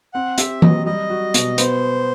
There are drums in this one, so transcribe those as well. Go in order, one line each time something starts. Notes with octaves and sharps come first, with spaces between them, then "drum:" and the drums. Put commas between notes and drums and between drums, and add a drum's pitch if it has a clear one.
C4 F#5
G4 E5, drum: hi-hat
F#3 D#5, drum: tom E3
G3 D#5
F#4
B2, drum: hi-hat
B3 C5, drum: hi-hat